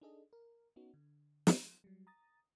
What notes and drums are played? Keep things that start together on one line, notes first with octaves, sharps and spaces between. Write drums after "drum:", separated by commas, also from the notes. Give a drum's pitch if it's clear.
D4 D#4 G#4 A4 D#5
A#4
B3 C#4 D#4 F#4
D3
drum: snare
F#3 G3
A#5 D#6 A6